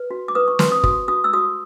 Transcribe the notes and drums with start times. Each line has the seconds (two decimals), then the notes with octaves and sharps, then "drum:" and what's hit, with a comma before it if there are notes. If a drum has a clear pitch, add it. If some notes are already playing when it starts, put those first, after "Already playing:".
Already playing: B4
0.11 F#4
0.28 D6
0.35 B4 D#6
0.48 C#6
0.59 B4 C6, drum: snare
0.72 D#6
0.84 F#4 D#6, drum: kick
1.08 F#4 D#6
1.24 E6
1.33 F#4 D#6